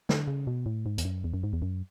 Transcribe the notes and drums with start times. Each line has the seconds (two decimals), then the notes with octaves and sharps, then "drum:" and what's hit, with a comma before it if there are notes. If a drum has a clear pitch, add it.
0.09 D3, drum: snare
0.28 C#3
0.47 B2
0.66 A2
0.86 G#2
0.98 E2, drum: hi-hat
1.05 F#2
1.24 E2
1.34 F#2
1.43 G#2
1.53 E2
1.62 F#2